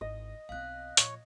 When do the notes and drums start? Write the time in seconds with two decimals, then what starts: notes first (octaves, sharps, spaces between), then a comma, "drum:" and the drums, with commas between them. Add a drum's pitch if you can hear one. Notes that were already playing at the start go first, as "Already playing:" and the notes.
0.01 G#1 E4 D#5
0.49 B1 C4 F5 F#6
0.97 A#2 F3 C#5, drum: hi-hat